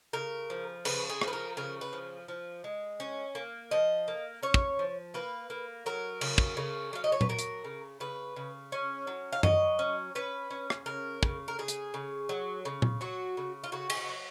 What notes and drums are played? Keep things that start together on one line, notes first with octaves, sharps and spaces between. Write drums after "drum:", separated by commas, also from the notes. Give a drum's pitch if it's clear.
C#3 A#4
F3
C#3 B4, drum: cymbal
G#4
F3, drum: rim click
B4
A#4
C#3 A#4
B4
F3
F3
G#3
C#4
A#3
F3 D#5
A#3
C#4 C#5
drum: kick
F3
A#3 B4
A#3
F#3 A#4
C#3, drum: cymbal
drum: kick
C#3
F#3 F5
D#5
C#5
B4, drum: tom A#2
F#3 A#4
drum: hi-hat
C#3
C#3 B4
C#3
C#4
F#3
F5
F#3 D#5, drum: tom F#2
C#4
C#4 B4
C#4
drum: rim click
C#3 A#4
C#3, drum: kick
A#4
C#3 G#4
drum: hi-hat
C#3
F#3
C#3
drum: tom A#2
F#3 F#4
C#3
F4
C#3 F#4
G#4, drum: cymbal
F#4
F#3